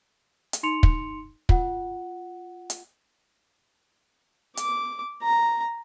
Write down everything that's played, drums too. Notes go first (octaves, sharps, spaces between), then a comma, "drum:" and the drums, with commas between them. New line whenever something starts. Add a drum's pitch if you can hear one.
drum: hi-hat
D#4 C6 C#7 F7
drum: kick
F4 F#5, drum: kick
drum: hi-hat
D6, drum: hi-hat
A#5